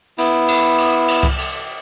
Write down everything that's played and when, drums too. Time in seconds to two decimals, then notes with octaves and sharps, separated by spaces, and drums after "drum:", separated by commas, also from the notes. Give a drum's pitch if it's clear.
0.18 B3 E4, drum: cymbal
0.48 drum: cymbal
0.78 drum: cymbal
1.08 drum: cymbal
1.23 drum: kick C2
1.38 drum: cymbal